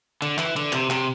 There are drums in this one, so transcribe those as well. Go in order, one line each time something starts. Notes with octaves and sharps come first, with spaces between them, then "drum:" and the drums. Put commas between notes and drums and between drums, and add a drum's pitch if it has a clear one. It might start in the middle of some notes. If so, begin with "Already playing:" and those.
D3, drum: hi-hat
E3, drum: clap
D3, drum: hi-hat
C3, drum: clap
C3, drum: clap